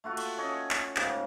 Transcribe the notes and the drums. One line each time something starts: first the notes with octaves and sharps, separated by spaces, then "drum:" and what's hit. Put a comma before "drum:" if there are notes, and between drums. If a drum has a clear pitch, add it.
A3 F4 F#4 C#6
drum: cymbal
C#4 C#5 D#5
drum: clap
G#2 C#3 G4 A#4, drum: clap